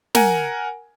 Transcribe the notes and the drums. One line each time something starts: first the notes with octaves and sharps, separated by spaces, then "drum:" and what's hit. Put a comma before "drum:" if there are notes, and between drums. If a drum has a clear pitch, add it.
A#4 F#5 G#5, drum: snare